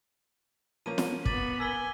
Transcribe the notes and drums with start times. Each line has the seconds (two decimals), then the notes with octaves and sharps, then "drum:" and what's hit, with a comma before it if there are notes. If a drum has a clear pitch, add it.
0.86 F3 A#3 C#4 D#7
0.98 drum: snare
1.26 B3 B5 D6 A6 D#7, drum: kick
1.60 A#4 G#5 E6 B6 G7